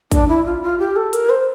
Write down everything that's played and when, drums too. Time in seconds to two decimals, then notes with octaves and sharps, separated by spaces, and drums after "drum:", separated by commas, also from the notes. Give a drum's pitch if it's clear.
0.12 D4, drum: kick, hi-hat
0.28 E4
0.45 F4
0.62 F4
0.79 G4
0.96 A4
1.13 A#4, drum: hi-hat
1.30 C5